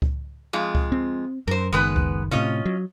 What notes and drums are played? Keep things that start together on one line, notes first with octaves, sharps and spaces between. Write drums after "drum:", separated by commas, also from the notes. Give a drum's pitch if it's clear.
drum: kick C#2
F2 G#3 F4
drum: kick C#2
C4
F#2 A#4 C5
F#1 D#3 G#3 B3 B4
drum: kick C#2
A2 C3 C#4 F4 D#5
F#3